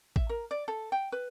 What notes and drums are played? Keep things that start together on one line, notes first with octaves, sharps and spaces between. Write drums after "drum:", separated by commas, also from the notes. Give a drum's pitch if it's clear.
E5, drum: kick A1
A#4
D5
A4
G5
B4